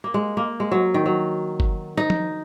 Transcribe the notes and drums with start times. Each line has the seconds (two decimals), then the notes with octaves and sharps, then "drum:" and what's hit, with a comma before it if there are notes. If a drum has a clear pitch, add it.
0.04 A#3
0.14 G#3
0.37 A#3
0.60 G#3
0.72 F#3
0.94 D#3
1.06 F#3
1.60 drum: kick G1
1.97 D#4
2.10 drum: tom F3